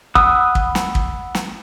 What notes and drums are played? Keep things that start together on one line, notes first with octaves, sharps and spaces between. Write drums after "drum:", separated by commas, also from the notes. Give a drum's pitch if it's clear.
F#5 B5 D#6 E6 F#6, drum: kick
drum: kick
drum: snare
drum: kick
drum: snare